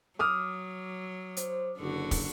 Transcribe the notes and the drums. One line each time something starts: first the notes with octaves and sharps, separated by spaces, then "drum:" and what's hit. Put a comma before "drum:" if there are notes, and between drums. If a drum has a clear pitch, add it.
F#3 D6 D#6 F6
C5, drum: hi-hat
F#1 D3 F#4
drum: kick, open hi-hat